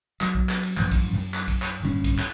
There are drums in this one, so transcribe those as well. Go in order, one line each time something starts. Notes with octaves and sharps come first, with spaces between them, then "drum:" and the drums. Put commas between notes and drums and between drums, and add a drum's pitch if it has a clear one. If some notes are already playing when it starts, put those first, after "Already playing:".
F#3, drum: clap
drum: kick A#1
drum: clap
drum: cymbal
A1 F#2 F3, drum: clap
drum: kick A#1, cymbal
F#2
drum: clap
drum: kick A#1, cymbal
drum: clap
D1 G2 A#2 C#4
drum: kick A#1, cymbal
drum: clap